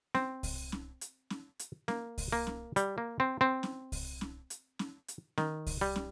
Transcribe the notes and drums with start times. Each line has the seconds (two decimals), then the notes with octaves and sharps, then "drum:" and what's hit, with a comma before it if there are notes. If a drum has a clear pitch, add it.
0.15 C4, drum: snare
0.43 drum: kick C2, open hi-hat
0.72 drum: snare
1.01 drum: hi-hat
1.30 drum: snare
1.59 drum: hi-hat
1.88 A#3, drum: snare
2.18 drum: kick C2, open hi-hat
2.32 A#3
2.47 drum: snare
2.76 G3, drum: hi-hat
2.98 A#3
3.20 C4
3.41 C4
3.63 drum: snare
3.92 drum: kick C2, open hi-hat
4.21 drum: snare
4.50 drum: hi-hat
4.79 drum: snare
5.08 drum: hi-hat
5.38 D#3, drum: snare
5.67 drum: kick C2, open hi-hat
5.81 G3
5.96 drum: snare